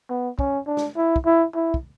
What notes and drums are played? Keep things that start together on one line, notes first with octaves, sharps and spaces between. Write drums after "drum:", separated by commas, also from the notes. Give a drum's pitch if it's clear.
B3
C#4, drum: kick
D4
drum: snare
E4
drum: kick
E4
E4
drum: kick